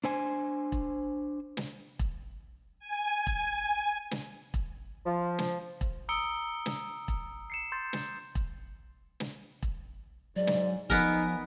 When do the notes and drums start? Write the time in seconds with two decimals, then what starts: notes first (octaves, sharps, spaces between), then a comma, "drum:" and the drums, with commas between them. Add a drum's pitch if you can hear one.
0.04 D4 C5 G#5
0.72 drum: kick E1
1.57 drum: snare
1.99 drum: kick E1
2.79 G#5
3.27 drum: kick E1
4.11 drum: snare
4.54 drum: kick E1
5.06 F3
5.39 drum: snare
5.81 drum: kick E1
6.09 A#5 D#6 E6 C#7 D7 G7
6.66 drum: snare
7.08 drum: kick E1
7.50 C7 C#7 E7
7.72 C6 G6 A6
7.93 drum: snare
8.35 drum: kick E1
9.20 drum: snare
9.62 drum: kick E1
10.36 G#2 F#3 D5
10.47 drum: snare
10.90 F3 B3 D#4 A#4 G#5, drum: kick E1